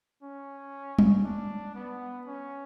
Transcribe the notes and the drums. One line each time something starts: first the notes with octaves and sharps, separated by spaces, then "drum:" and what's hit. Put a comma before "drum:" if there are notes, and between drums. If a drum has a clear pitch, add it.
C#4
drum: tom G3
D4
B3
C#4